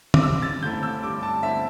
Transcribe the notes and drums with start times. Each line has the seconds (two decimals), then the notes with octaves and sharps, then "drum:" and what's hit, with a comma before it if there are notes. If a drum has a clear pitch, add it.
0.14 D6, drum: tom D3
0.23 G2 E6
0.42 A6
0.63 D3 A3 C4 E4 G6
0.83 E6
1.03 G2 D6
1.23 A5
1.42 D3 A3 C4 E4 E5